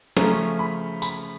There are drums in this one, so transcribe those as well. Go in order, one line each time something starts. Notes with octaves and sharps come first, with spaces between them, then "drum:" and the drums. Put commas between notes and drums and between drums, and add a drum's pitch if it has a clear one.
C#3 F3 A3 C#4 A#5, drum: snare
B5
B5, drum: tambourine